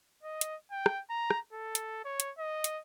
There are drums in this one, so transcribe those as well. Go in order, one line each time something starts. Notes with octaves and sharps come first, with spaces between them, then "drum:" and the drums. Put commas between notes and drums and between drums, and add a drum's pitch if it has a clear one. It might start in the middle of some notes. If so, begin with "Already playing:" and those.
D#5
drum: hi-hat
G5
drum: rim click
A#5
drum: rim click
A4
drum: hi-hat
C#5
drum: hi-hat
D#5
drum: hi-hat